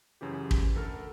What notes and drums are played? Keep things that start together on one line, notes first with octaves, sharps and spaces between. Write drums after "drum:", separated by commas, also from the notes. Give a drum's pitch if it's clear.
F#2 C#3 E3 G4
drum: kick
D2 A4 A#4 F6